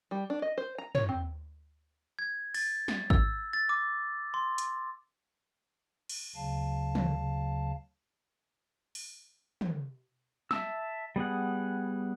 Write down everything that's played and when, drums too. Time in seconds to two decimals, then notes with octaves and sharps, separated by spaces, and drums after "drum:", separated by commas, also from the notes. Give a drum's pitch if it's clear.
0.11 G3
0.30 D4
0.42 D#5
0.58 C5
0.78 A#5
0.95 C#5, drum: tom
1.09 C4
2.19 G#6
2.54 A6, drum: open hi-hat
2.88 drum: snare
3.10 E6, drum: kick G#1
3.53 A6
3.69 D6
4.34 C6
4.58 drum: hi-hat
6.09 drum: cymbal
6.36 D2 C#3 F#3 F5 A5
6.95 drum: tom
8.95 drum: open hi-hat
9.61 drum: tom
10.51 E5 A5 E6, drum: snare
11.16 G3 B3 G#4 F#5